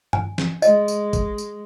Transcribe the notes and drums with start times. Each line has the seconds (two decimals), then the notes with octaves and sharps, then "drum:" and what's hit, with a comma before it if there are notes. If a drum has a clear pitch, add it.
0.13 G#5, drum: tom G2
0.38 drum: snare
0.62 G#3 D#5, drum: tambourine
0.88 drum: tambourine
1.13 drum: kick, tambourine
1.38 drum: tambourine